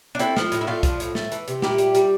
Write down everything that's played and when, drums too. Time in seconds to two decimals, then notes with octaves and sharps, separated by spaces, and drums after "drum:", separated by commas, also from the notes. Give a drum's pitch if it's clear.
0.15 D4
0.19 A3 C4 E4, drum: hi-hat
0.37 F3, drum: snare
0.52 A2, drum: hi-hat
0.61 E4
0.67 A3 D4 F4
0.83 F3, drum: kick, hi-hat
1.00 A2, drum: hi-hat
1.15 A3, drum: snare
1.32 E3, drum: hi-hat
1.48 C3, drum: hi-hat
1.62 A#2 E4 G4, drum: snare
1.78 G3, drum: hi-hat
1.95 G3, drum: hi-hat